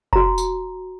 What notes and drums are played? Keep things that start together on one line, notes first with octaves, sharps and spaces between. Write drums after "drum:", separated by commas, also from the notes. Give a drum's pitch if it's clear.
F#4 A#5, drum: kick F1
drum: tambourine